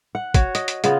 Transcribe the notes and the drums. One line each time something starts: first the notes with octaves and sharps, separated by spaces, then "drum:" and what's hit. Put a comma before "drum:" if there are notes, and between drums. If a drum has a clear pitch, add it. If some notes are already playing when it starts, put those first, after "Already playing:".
F#5
F#4 C#5, drum: kick, hi-hat
D#5, drum: hi-hat
drum: hi-hat
C#3 B3 F4, drum: hi-hat